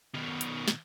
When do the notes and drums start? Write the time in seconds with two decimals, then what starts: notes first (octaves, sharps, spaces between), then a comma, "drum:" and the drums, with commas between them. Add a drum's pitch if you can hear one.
0.14 B2 D#3
0.41 drum: hi-hat
0.68 drum: snare